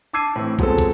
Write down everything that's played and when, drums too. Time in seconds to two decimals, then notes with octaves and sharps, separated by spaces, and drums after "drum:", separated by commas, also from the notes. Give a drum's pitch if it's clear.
0.13 A5 D6 E6 G#6 C7 D#7
0.36 A2 E3 C4
0.59 F3 F#3 G#3 B3 C4 A4, drum: kick
0.78 drum: kick